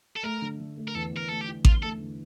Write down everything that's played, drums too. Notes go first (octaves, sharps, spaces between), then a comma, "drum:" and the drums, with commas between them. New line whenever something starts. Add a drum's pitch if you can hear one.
A4
A3 A#4
D3
D3
A3
A#4
E2 A4
E2 A#4
A3 A4
G4
E4
E2 F4, drum: kick A1
A3 A4
D3